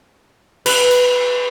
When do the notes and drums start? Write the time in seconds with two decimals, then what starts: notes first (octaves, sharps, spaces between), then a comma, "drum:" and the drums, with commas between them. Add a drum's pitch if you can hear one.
0.66 B4, drum: cymbal
0.91 drum: hi-hat